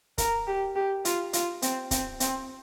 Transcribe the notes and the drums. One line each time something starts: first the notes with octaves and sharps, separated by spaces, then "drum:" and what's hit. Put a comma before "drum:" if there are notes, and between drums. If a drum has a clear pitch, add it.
A#4, drum: kick C#1, hi-hat
G4
G4
F4, drum: hi-hat
F4, drum: hi-hat
C4, drum: hi-hat
C4, drum: kick C#1, hi-hat
C4, drum: hi-hat